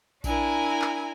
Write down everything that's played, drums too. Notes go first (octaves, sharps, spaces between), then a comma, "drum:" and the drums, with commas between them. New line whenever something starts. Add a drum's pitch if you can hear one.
D4 E4 A#4 G#5, drum: kick A#1, tambourine
drum: clap